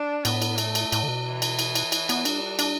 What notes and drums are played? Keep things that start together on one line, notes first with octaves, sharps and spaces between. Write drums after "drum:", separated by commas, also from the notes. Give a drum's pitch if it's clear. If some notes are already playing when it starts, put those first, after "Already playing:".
Already playing: D4
A2 B3, drum: cymbal
drum: cymbal
A3, drum: cymbal
drum: cymbal
A2, drum: cymbal
D3
B2
E3
drum: cymbal
drum: cymbal
drum: cymbal
drum: cymbal
B3, drum: cymbal
G3 D4, drum: cymbal
D4, drum: cymbal